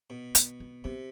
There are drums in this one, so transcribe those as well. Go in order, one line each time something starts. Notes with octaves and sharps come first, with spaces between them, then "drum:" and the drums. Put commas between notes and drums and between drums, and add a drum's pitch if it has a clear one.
B2
A3, drum: hi-hat
B3
C3 B3